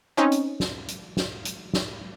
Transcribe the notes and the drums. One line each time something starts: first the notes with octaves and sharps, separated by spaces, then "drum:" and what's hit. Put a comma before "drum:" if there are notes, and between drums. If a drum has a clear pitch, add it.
C4 C#4 D#4
drum: hi-hat
drum: snare
drum: hi-hat
drum: snare
drum: hi-hat
drum: snare